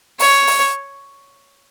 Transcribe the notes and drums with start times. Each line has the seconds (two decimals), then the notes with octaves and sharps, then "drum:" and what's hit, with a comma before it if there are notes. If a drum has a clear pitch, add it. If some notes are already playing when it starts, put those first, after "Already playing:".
0.19 C#5, drum: open hi-hat
0.47 drum: open hi-hat